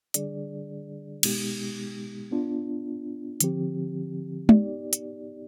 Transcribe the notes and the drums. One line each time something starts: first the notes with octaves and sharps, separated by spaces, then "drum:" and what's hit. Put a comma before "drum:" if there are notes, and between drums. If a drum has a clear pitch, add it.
D3 G3 D4 G#4 D5, drum: hi-hat
B2 G#3 B3 D#4 G4, drum: cymbal
B3 D4 F4
D3 F3 C4 G4, drum: hi-hat
B3 D#4 G4 D5, drum: tom G#3
drum: hi-hat